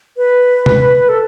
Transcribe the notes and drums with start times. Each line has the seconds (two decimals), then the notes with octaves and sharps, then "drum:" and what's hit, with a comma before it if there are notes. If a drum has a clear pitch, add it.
0.17 B4
0.66 drum: tom C3
1.09 A4